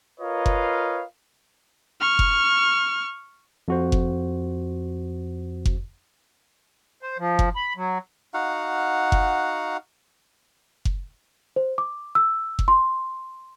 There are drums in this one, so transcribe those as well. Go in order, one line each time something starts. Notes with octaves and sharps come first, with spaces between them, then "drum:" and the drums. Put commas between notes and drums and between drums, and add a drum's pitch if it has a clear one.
F4 A#4 B4 C#5 D#5 F5
drum: kick F#1
C#6 F6
drum: kick F#1
F2 F#4 C5
drum: kick F#1
drum: kick F#1
C5
F3
drum: kick F#1
B5
F#3
D#4 F#4 F5 F#5
drum: kick F#1
drum: kick F#1
C5
D6
E6
drum: kick F#1
C6